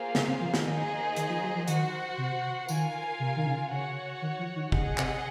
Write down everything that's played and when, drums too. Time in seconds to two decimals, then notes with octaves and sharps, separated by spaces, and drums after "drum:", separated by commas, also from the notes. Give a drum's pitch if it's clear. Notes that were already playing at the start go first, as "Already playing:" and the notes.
Already playing: A#3 F4 G#4 C5 F5
0.15 C#3, drum: snare
0.28 C4
0.41 F3
0.54 D#3, drum: snare
0.66 D#3 A#3 D#4 G#4 C5 D#5
1.16 D#3, drum: hi-hat
1.29 F3
1.42 F#3
1.55 F3
1.68 D#3 F#4 C5 F#5, drum: hi-hat
2.18 C3
2.69 D#3 F4 A#4 F5 G#5, drum: tambourine
3.20 C3
3.36 D#3
3.46 C#3
3.71 C#3 F#4 C#5 F#5
4.22 D#3
4.39 F3
4.55 D#3
4.72 C#3 G#4 D#5 F#5, drum: kick
4.98 C3, drum: clap